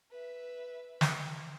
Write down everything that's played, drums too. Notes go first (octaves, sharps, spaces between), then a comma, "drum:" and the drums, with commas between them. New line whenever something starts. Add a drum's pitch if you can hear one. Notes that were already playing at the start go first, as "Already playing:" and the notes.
B4 E5
drum: snare